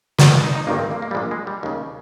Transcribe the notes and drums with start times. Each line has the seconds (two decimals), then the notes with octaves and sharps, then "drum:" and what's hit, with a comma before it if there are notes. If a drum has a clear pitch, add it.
0.18 G#1 G2 D#3 G3, drum: snare
0.31 G#3
0.44 D#4
0.55 D#4
0.67 G#1 G2 D#3 A#3
0.79 C4
0.91 A#3
1.02 A#3
1.11 G3
1.15 A#1 A#2 G#3
1.31 G#3
1.47 G3
1.63 D#2 C#3